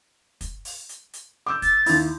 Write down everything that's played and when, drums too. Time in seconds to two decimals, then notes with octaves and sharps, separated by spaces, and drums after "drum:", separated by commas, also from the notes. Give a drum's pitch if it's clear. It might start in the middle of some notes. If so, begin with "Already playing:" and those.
0.41 drum: kick, hi-hat
0.65 drum: open hi-hat
0.89 drum: hi-hat
1.13 drum: hi-hat
1.46 D6 E6 G6
1.62 A6, drum: kick, hi-hat
1.86 D#2 E4, drum: open hi-hat